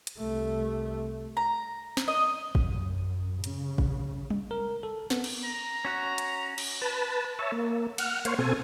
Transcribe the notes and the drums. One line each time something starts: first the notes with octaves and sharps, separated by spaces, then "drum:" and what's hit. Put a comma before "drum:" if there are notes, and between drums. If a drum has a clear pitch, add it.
drum: hi-hat
C2 A3
A#5
drum: snare
D#5
F#2, drum: kick
C#3, drum: hi-hat
drum: kick
drum: tom G3
A#4
A4
B3, drum: snare
drum: cymbal
A#5
C#4 F#4 F#6
drum: hi-hat
drum: cymbal
B4 A5
C#5 E5 A5
A#3
F#5 F6, drum: cymbal
A#3 C5 C#5 F5, drum: hi-hat
B2 C4 A4 G#5